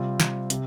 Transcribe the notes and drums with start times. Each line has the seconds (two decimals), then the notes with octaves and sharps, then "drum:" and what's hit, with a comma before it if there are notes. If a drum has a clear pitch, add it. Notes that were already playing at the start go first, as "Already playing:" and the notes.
Already playing: C3 G3 C4 F4
0.20 drum: snare
0.50 C3, drum: hi-hat